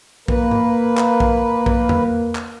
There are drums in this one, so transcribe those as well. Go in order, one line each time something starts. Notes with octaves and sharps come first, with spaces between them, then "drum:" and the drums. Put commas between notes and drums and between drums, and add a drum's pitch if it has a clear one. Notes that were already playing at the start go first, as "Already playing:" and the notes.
A#3 B4, drum: kick A#1
drum: tom G#2
drum: clap
drum: kick A#1
drum: kick A#1
drum: tom E2
drum: clap